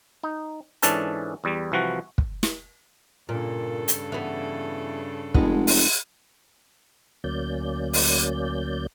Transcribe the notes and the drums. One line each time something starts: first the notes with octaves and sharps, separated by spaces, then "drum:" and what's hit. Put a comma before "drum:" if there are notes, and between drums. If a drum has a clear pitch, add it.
D#4
G#2 E3 C#4 D4 A4 A5, drum: hi-hat
E2 G3
C2 E3 F3 F#4
drum: kick
drum: snare
G2 A#2 C#3 A4
drum: hi-hat
E3 B3
F1 G#3 B3, drum: kick
drum: open hi-hat
D2 F#3 A#3 C#4 D5 G6
drum: open hi-hat